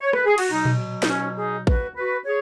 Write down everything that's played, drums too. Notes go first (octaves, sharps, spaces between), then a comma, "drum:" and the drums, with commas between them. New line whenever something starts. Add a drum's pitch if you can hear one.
C#5
B4, drum: rim click
G#4
F#4, drum: cymbal
B2 F#3 D#4
drum: tom A#2
D#4, drum: snare
C#4
D#4 G#4
F#4 B4, drum: kick
F#4 B4
G#4 C#5